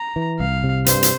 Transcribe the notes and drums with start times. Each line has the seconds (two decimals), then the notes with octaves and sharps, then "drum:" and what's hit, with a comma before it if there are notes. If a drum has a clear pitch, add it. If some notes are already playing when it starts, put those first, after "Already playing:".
Already playing: A#5
0.16 E3
0.40 C2 F5
0.64 C3
0.86 G2 C5, drum: hi-hat
1.03 drum: hi-hat